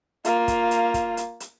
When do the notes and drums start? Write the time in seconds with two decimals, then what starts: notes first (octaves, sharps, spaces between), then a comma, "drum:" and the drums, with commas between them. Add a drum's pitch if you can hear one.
0.25 A#3 F4, drum: hi-hat
0.48 drum: kick, hi-hat
0.71 drum: hi-hat
0.94 drum: kick, hi-hat
1.17 drum: hi-hat
1.40 drum: hi-hat